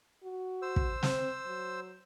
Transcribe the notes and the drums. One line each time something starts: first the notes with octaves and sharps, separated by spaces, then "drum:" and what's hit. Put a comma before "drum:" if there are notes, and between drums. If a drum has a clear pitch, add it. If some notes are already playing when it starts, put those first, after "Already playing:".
F#4
C5 E6
drum: kick
C4, drum: snare
F#3